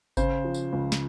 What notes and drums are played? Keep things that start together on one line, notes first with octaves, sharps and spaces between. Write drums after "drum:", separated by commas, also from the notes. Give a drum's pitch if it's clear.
C#3 C5, drum: kick G#1, tambourine
F3
drum: tambourine
C#2
drum: snare